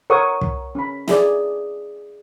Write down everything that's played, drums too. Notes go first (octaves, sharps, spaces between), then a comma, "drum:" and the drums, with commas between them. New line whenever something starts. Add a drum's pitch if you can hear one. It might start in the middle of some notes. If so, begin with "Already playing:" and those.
A#4 C#5 F#5 C#6 D#6
drum: kick
C#4 B5
E4 G#4 D5, drum: snare